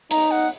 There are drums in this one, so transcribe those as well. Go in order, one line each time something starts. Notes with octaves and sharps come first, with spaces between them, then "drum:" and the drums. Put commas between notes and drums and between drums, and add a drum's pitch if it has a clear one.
D#4 A#5, drum: hi-hat
F#5